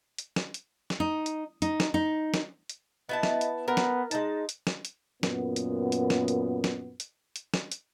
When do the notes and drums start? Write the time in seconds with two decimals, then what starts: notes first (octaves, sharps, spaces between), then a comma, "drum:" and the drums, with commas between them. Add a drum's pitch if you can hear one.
0.18 drum: hi-hat
0.36 drum: snare
0.54 drum: hi-hat
0.90 drum: snare
1.00 D#4
1.26 drum: hi-hat
1.62 D#4, drum: hi-hat
1.80 drum: snare
1.94 D#4
2.34 drum: snare
2.69 drum: hi-hat
3.09 B3 E4 D#5 A5
3.23 drum: snare
3.41 drum: hi-hat
3.68 B3 A#4
3.77 drum: snare
4.11 G#3 D#4 A5, drum: hi-hat
4.49 drum: hi-hat
4.67 drum: snare
4.85 drum: hi-hat
5.23 F#2 A#2 B3, drum: snare
5.56 drum: hi-hat
5.92 drum: hi-hat
6.10 drum: snare
6.28 drum: hi-hat
6.64 drum: snare
7.00 drum: hi-hat
7.36 drum: hi-hat
7.54 drum: snare
7.72 drum: hi-hat